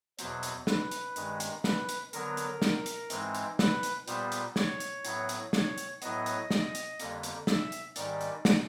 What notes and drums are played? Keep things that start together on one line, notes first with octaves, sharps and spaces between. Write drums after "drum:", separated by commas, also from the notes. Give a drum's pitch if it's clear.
E2 B2 F#3 C5, drum: hi-hat
drum: hi-hat
B4, drum: snare
drum: hi-hat
G2 D#3 G#3, drum: hi-hat
drum: hi-hat
B4, drum: snare
drum: hi-hat
D3 F#3 B3 A#4, drum: hi-hat
drum: hi-hat
drum: snare
drum: hi-hat
G#2 E3 G#3 C4, drum: hi-hat
drum: hi-hat
B4, drum: snare
drum: hi-hat
A#2 G3 B3 C5, drum: hi-hat
drum: hi-hat
C#5, drum: snare
drum: hi-hat
A2 F#3 B3, drum: hi-hat
drum: hi-hat
C#5, drum: snare
drum: hi-hat
A2 F#3 B3 D#5, drum: hi-hat
drum: hi-hat
drum: snare
drum: hi-hat
F2 D3 G3 A#3, drum: hi-hat
drum: hi-hat
E5, drum: snare
drum: hi-hat
G#2 D#3 G3 D5, drum: hi-hat
drum: hi-hat
drum: snare